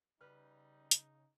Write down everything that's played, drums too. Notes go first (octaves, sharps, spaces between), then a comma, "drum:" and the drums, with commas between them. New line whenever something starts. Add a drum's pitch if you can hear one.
C#3 G3 D#4 B4 F6
drum: hi-hat